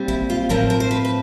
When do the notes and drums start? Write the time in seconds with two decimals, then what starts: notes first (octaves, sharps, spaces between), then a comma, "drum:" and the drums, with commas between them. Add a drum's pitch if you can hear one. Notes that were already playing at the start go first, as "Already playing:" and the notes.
Already playing: A#2 G3 C4
0.08 E4, drum: kick A1
0.30 F4
0.49 A2 F3 A3 C4 A#4, drum: kick A1
0.70 A#4
0.80 C5
0.91 B4
1.05 B4